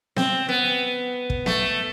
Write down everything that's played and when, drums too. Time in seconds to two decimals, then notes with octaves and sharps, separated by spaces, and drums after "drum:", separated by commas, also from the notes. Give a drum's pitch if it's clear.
0.16 C4, drum: snare B3
0.49 B3
1.30 drum: kick
1.46 A3, drum: snare B3